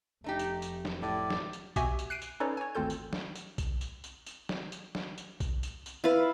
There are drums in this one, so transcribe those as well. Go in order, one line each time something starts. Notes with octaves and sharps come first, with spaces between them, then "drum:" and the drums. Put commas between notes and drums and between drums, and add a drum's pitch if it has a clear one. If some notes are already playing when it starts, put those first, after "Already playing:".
F1 A3 D#4 G4
drum: tambourine
drum: tambourine
drum: snare
A2 D5
drum: snare
drum: tambourine
B2 F#4 G4 E5 G#5, drum: kick, tambourine
drum: tambourine
F#6 C7 D7 D#7
drum: tambourine
C#4 D#4 A4 B4 C#5 D5
C#5 G#5
G#1 D2 C4 F4 A4 G6
drum: tambourine
drum: snare
drum: tambourine
drum: kick, tambourine
drum: tambourine
drum: tambourine
drum: tambourine
drum: snare
drum: tambourine
drum: snare
drum: tambourine
drum: kick, tambourine
drum: tambourine
drum: tambourine
E4 F4 B4 F5